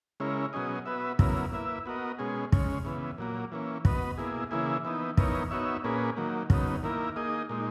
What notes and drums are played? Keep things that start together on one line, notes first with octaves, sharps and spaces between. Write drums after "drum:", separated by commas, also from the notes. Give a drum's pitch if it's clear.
C#3 G#3 C#4 E4 A#4
B2 F#3 C#4 G#4 D#5
B3 F#4 B4 E5
C#3 F#3 B3 E4 A#4, drum: kick
A#3 E4 B4 E5
B3 F#4 A#4 D#5
B2 G#3 C#4 G#4
C#3 G#3 C#4, drum: kick
C#3 E3 B3
A#2 F#3 A#3
E3 A#3 C#4
B3 F#4 B4 D#5, drum: kick
B2 A#3 E4 G#4
C#3 E3 A#3 E4 G#4
E3 B3 D#4
E3 B3 D#4 A#4 C#5, drum: kick
B3 D#4 F#4 C#5 E5
A#2 A#3 C#4 G#4 B4
D#3 F#3 A#3
C#3 F#3 B3 D#4, drum: kick
D#3 A#3 E4 A#4
A#3 D#4 G#4 D#5
A#2 G#3 D#4